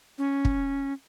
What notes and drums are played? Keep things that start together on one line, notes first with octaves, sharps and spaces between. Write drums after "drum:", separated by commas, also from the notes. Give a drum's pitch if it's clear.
C#4
drum: kick